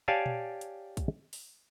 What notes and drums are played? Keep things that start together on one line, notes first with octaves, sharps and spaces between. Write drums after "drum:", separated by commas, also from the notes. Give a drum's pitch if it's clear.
G4 C#5 D5 F5 G#5 A5
drum: tom A#2
drum: hi-hat
drum: kick, hi-hat
drum: open hi-hat